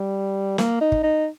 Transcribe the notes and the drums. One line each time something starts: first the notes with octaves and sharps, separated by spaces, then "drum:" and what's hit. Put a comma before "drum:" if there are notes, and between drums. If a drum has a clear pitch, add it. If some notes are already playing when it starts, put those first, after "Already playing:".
Already playing: G3
A#3, drum: snare
D#4
drum: kick
D#4